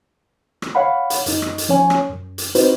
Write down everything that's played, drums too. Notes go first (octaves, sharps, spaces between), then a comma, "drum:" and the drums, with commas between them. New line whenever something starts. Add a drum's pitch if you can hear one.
drum: rim click
C#5 F5 F#5 B5
drum: hi-hat
F#2 D#4, drum: hi-hat
drum: rim click
drum: hi-hat
F3 C#4 C#5 G#5
drum: rim click
F#2
drum: hi-hat
C4 D#4 F#4 B4 C5, drum: hi-hat